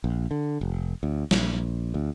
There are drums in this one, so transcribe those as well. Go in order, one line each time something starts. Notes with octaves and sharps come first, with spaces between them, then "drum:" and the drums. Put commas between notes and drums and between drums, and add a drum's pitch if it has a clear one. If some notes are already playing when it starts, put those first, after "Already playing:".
A#1
D3
F1
D2
A#1, drum: snare
D2